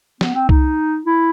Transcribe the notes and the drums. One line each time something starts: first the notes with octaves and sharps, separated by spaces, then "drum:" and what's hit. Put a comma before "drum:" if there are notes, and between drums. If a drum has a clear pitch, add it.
B3, drum: snare
C4
D#4, drum: kick C2
E4